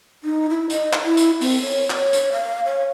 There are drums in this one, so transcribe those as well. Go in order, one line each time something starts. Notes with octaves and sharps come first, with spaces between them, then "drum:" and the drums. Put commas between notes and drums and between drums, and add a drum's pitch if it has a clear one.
D#4
E4
D#5, drum: hi-hat
drum: clap
E4
drum: hi-hat
C4, drum: open hi-hat
C#5
C#5, drum: clap
drum: hi-hat
F5
C#5